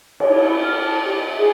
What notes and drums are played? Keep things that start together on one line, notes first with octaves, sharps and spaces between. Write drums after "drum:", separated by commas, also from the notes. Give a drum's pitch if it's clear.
C#5, drum: cymbal
E4
F6
A5
G4
E5
G#4